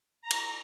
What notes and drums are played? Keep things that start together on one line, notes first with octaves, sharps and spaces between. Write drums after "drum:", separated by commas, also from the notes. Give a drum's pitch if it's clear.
A#5
drum: cymbal